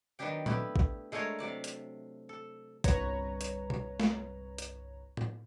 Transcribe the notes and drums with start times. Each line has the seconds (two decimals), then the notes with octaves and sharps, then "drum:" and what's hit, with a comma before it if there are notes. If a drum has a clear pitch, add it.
0.19 D#3 F#3 B3 D4 G4 G5
0.46 A3 B3 E4 G4, drum: tom
0.76 drum: kick
1.12 G#3 A3 D4 A#4 C#5
1.39 C3 F#3 D5 A5
1.64 drum: hi-hat
2.29 A4
2.84 G1 C2 B4 C#5 A#5, drum: kick, hi-hat
3.41 drum: hi-hat
3.70 drum: tom
4.00 drum: snare
4.58 drum: hi-hat
5.17 drum: tom